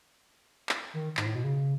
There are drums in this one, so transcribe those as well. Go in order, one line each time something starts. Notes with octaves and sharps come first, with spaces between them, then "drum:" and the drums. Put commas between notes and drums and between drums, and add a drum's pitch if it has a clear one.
drum: clap
D#3
G#2, drum: clap
A2
B2
C#3